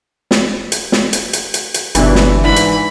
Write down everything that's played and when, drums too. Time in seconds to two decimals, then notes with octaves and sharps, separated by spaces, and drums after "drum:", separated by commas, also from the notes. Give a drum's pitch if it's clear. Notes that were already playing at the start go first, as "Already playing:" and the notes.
0.31 drum: snare
0.72 drum: hi-hat
0.92 drum: snare
1.13 drum: hi-hat
1.33 drum: hi-hat
1.54 drum: hi-hat
1.74 drum: hi-hat
1.95 G1 G2 B2 E3 D4, drum: hi-hat
2.15 drum: snare
2.44 G#2 D4 E4 B5
2.56 drum: hi-hat